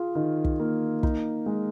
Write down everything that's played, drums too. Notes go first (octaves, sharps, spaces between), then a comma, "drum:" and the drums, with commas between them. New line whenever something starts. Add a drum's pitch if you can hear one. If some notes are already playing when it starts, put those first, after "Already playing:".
Already playing: F4 G#4
D#3
drum: kick
A#3
D#4, drum: kick
G#3